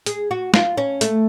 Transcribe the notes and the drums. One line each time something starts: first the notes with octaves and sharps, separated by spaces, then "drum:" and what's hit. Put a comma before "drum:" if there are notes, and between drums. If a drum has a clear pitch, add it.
G#4, drum: hi-hat
F#4
F4, drum: snare
C#4
A3, drum: hi-hat